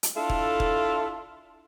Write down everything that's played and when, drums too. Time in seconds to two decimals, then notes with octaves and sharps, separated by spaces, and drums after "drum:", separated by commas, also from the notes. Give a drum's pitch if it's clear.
0.03 drum: hi-hat
0.17 D4 E4 F4 A4
0.29 drum: kick E1
0.60 drum: kick E1